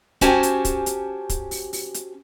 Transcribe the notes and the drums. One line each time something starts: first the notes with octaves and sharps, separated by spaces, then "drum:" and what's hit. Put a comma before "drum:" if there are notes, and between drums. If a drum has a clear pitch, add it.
C#4 F#4 G4 C5 G#5 A5, drum: kick, hi-hat
drum: hi-hat
drum: kick, hi-hat
drum: hi-hat
drum: kick, hi-hat
drum: open hi-hat
drum: open hi-hat
drum: hi-hat